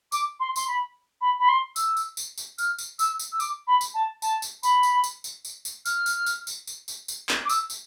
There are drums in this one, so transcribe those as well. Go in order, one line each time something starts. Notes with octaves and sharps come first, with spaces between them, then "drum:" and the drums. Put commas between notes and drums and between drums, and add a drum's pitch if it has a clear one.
D6, drum: tambourine
C6
C6, drum: tambourine
B5
B5
B5
C6
E6, drum: tambourine
drum: tambourine
drum: tambourine
drum: tambourine
F6, drum: tambourine
drum: tambourine
E6, drum: tambourine
drum: tambourine
E6
D6, drum: tambourine
B5
drum: tambourine
A5
A5, drum: tambourine
drum: tambourine
B5, drum: tambourine
drum: tambourine
drum: tambourine
drum: tambourine
drum: tambourine
drum: tambourine
F6, drum: tambourine
drum: tambourine
drum: tambourine
drum: tambourine
drum: tambourine
drum: tambourine
drum: tambourine
drum: clap
D6
E6, drum: tambourine
drum: tambourine